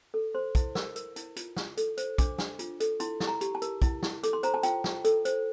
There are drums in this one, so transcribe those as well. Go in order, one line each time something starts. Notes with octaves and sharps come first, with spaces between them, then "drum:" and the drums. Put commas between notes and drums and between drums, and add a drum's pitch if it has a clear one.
A4
C5 C6
E4, drum: kick, hi-hat
A#4, drum: snare
A#4, drum: hi-hat
E4, drum: hi-hat
F4, drum: hi-hat
F4, drum: snare
A4, drum: hi-hat
C5, drum: hi-hat
D4 D6, drum: kick, hi-hat
D4, drum: snare
F4, drum: hi-hat
A4, drum: hi-hat
E4 C6, drum: hi-hat
E4, drum: snare
A#5
G4, drum: hi-hat
A5
A#4, drum: hi-hat
E4, drum: kick, hi-hat
E4, drum: snare
A4 D6, drum: hi-hat
C6
C5 A#5, drum: hi-hat
A5
F4 G5, drum: hi-hat
F4, drum: snare
A4, drum: hi-hat
C5, drum: hi-hat